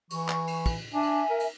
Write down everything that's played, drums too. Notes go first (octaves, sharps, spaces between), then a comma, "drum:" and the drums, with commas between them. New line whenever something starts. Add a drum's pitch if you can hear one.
E3 C#6, drum: cymbal
drum: clap
drum: cymbal
drum: kick, cymbal
D4 E5 G#5
drum: cymbal
A#4
drum: cymbal